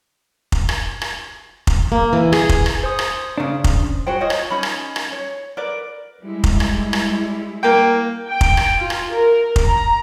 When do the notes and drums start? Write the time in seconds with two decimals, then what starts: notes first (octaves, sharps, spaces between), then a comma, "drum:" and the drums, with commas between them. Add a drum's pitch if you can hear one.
0.52 drum: kick F1
0.69 drum: rim click
1.02 drum: rim click
1.67 drum: kick F1
1.92 A#3
2.13 E3
2.33 G#4, drum: rim click
2.49 drum: kick F1
2.66 drum: rim click
2.83 C5 D#6
2.99 drum: rim click
3.38 C#3 D4
3.64 drum: kick F1
4.07 F#4 G#4 C5 G5
4.21 F4 C5 C#5 D#5
4.30 drum: rim click
4.51 C#4 D#4 B5
4.63 drum: rim click
4.96 drum: rim click
5.12 C#5
5.57 A#4 B4 D5
6.22 G3 G#3 E4
6.44 drum: kick F1
6.60 drum: rim click
6.93 drum: rim click
7.63 A#3 G5
8.28 G5
8.41 drum: kick F1
8.57 drum: rim click
8.79 F4
8.90 drum: rim click
9.14 A#4
9.56 drum: kick F1
9.65 A#5